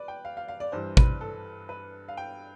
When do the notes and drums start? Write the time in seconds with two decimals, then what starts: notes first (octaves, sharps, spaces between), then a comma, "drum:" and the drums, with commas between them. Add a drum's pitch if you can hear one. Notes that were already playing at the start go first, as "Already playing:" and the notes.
Already playing: B4 D5
0.08 G5
0.25 F5
0.37 F5
0.48 F5
0.60 D5
0.72 G2 E3 G3 C5
0.97 B4, drum: kick
1.21 A4
1.69 B4
2.09 F5
2.17 G5